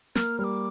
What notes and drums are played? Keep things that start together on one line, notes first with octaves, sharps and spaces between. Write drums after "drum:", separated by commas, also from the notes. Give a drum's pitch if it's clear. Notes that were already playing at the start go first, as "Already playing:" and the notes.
A#3 F6, drum: snare
G3 F6
D6